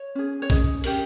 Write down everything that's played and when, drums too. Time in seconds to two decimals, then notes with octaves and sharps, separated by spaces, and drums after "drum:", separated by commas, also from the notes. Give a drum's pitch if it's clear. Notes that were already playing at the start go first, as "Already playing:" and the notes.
Already playing: C#5
0.15 C#4 G#4
0.42 C#5
0.50 C#4 G#4 D#5, drum: kick A#1, hi-hat
0.84 C#4 G4 A#4, drum: open hi-hat